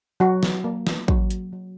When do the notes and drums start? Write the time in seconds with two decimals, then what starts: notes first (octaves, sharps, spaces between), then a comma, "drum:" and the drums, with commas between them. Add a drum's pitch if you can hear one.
0.20 F#3 F#4
0.43 drum: snare
0.64 A#3
0.87 drum: snare
1.08 F#3, drum: kick
1.30 drum: hi-hat
1.53 F#3